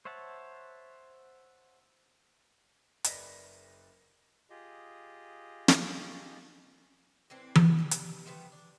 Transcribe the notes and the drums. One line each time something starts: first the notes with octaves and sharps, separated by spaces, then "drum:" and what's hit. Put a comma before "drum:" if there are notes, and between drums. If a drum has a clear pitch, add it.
C5 C#5 E5 F#5 A5
F#1 B4 D5 D#5 A#6 B6, drum: hi-hat
F4 G4 G#4 D#5
drum: snare
A2 E3 C4 D4
drum: tom E3
B2 G3
drum: hi-hat
G3 A3 B3 C5
D4